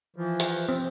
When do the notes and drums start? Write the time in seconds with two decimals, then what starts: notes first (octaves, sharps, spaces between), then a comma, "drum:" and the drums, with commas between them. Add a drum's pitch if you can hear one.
0.16 E3 F3
0.40 drum: hi-hat
0.69 C4